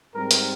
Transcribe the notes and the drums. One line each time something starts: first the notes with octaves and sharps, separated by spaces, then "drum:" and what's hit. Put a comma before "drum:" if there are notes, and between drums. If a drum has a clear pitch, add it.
G#2 G3 C4 A#4
drum: hi-hat